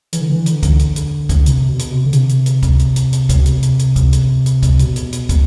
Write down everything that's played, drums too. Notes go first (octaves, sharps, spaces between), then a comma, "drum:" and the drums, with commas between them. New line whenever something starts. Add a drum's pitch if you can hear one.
E3, drum: hi-hat
D3
E3
D3, drum: hi-hat
drum: kick, hi-hat
drum: hi-hat
drum: hi-hat
drum: kick, hi-hat
C3, drum: hi-hat
B2
drum: hi-hat
C3
D3
C3, drum: hi-hat
drum: hi-hat
drum: hi-hat
drum: kick, hi-hat
drum: hi-hat
drum: hi-hat
drum: hi-hat
drum: kick, hi-hat
B2
C3, drum: hi-hat
drum: hi-hat
drum: hi-hat
drum: kick, hi-hat
drum: hi-hat
drum: hi-hat
drum: kick, hi-hat
B2, drum: hi-hat
drum: hi-hat
drum: hi-hat
drum: kick, hi-hat